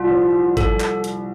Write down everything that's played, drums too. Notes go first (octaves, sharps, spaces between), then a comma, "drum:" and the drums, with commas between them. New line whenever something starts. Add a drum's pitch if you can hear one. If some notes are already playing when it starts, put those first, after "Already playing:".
Already playing: C2 F4
A#2 F3
A4, drum: kick G#1, hi-hat
drum: clap
drum: hi-hat